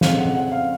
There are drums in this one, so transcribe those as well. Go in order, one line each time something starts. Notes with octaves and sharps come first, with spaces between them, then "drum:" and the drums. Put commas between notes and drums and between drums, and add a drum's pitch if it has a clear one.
F2 C#3 G#3 C4 F5, drum: snare
F#5
F#5
F5